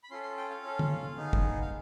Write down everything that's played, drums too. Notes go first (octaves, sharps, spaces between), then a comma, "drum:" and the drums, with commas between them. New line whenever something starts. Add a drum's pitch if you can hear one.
B5
C#4 F4 A4 C6
C6
G5
F5
C#4 F4 A4
drum: tom D3
B3 D#4 G#4
drum: kick
F5